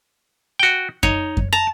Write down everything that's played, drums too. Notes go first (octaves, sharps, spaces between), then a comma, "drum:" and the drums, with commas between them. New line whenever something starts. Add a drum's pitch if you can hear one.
F#4 G5
D#4 C#5, drum: kick F#2
drum: kick F#2
A5 A#5